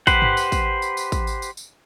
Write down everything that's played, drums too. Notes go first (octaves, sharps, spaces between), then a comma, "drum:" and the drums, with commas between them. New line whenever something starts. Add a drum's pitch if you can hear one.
G4 B4 C5 F#5, drum: kick, tambourine
drum: tom G2
drum: tambourine
drum: kick, tambourine
drum: tambourine
drum: tambourine
drum: kick, tambourine
drum: tambourine
drum: tambourine
drum: tambourine